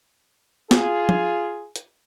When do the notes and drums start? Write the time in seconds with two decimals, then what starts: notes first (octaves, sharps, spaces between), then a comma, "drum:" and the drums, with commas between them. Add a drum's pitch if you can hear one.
0.71 F4 G#4, drum: snare
1.09 drum: tom F3
1.76 drum: hi-hat